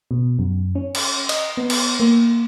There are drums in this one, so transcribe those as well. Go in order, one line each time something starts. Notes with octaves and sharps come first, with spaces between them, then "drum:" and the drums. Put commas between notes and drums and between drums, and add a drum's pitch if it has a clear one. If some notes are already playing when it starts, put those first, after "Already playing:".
B2
F#2
C#4
drum: cymbal
D#5, drum: cymbal
B3
drum: cymbal
A#3